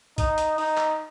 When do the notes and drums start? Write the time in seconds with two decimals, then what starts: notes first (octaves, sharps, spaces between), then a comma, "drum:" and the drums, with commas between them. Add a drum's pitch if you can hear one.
0.18 D#4, drum: kick, hi-hat
0.38 drum: hi-hat
0.58 D#4, drum: open hi-hat
0.77 drum: clap